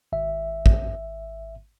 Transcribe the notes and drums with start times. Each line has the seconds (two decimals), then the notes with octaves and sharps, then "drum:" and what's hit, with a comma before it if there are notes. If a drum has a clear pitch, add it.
0.12 G#1 E5
0.66 drum: kick A1